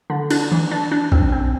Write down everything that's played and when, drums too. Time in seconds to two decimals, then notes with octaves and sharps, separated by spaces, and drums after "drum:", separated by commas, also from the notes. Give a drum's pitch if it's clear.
0.10 D3
0.30 D4, drum: cymbal
0.52 E3
0.71 D4
0.92 D4
1.12 C4, drum: kick A#1
1.32 C4